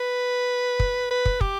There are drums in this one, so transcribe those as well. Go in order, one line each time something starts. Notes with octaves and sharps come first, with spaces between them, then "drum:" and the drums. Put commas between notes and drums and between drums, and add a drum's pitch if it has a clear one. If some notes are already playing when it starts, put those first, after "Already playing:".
Already playing: B4
drum: kick
B4
drum: kick
G4, drum: kick